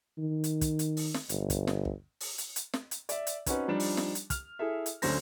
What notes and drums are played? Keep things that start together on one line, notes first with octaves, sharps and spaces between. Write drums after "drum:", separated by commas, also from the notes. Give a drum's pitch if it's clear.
D#3
drum: hi-hat
drum: kick, hi-hat
drum: hi-hat
drum: open hi-hat
drum: snare
G1, drum: hi-hat
drum: kick, hi-hat
drum: snare
drum: kick
drum: open hi-hat
drum: hi-hat
drum: hi-hat
drum: snare
drum: hi-hat
D5 E5, drum: hi-hat
drum: hi-hat
C4 C#4 D#4 F#4 B4, drum: kick, hi-hat
F3 G3 D4 D#4
drum: open hi-hat
drum: snare
drum: hi-hat
F6, drum: kick, hi-hat
E4 G#4 A4 E5
drum: hi-hat
D2 D3 F#3 C#4 C5 A#6, drum: open hi-hat